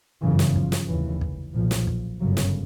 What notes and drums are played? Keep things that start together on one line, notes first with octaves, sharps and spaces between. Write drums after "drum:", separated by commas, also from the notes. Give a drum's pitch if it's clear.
G1 F#2 C#3 E3
drum: snare
F3, drum: kick
drum: snare
F1 D#2 C#3 E3
drum: kick
B1 A#2 F3
drum: snare
drum: kick
G1 F#2 C#3 F#3
drum: snare